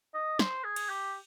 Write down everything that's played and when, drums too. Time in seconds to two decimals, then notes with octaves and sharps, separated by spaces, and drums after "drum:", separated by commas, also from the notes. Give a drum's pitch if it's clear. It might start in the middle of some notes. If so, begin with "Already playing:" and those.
0.14 D#5
0.39 C5, drum: snare
0.64 G#4
0.76 drum: cymbal
0.89 G4